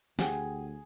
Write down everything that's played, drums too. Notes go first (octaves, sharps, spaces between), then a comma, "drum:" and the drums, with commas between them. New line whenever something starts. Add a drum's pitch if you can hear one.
D2 G4 G#4 F#5 G5, drum: snare